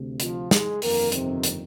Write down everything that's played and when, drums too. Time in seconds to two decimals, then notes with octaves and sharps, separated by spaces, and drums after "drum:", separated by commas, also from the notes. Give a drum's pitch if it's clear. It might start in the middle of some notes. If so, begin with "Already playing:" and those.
Already playing: D2 C3
0.20 F3 F4, drum: hi-hat
0.51 G#3 G#4, drum: snare
0.82 G1 F2 D#3 A#3 A#4, drum: open hi-hat
1.12 C3 C4, drum: hi-hat
1.44 drum: hi-hat